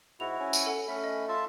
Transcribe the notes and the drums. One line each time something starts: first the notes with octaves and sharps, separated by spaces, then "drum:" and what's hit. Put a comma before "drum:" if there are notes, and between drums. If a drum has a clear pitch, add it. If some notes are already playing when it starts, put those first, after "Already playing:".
G#2 E4 F#4 F7
C#4
drum: tambourine
A4 F#5
A3 C#4 B5
D#5
F4 E5 A5